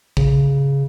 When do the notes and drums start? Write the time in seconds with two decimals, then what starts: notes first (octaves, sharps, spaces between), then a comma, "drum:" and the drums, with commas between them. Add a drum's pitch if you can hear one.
0.17 C#3, drum: kick